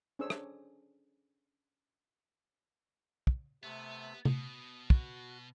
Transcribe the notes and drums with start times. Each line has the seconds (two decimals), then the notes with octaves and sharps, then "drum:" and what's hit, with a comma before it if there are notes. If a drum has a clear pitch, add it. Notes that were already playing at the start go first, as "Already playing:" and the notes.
0.19 C#4 D4 G#4 C5 C#5 E6
0.30 drum: rim click
3.27 drum: kick
3.63 C3 A3 B3
4.25 B2 D#6, drum: tom C3
4.90 F#4, drum: kick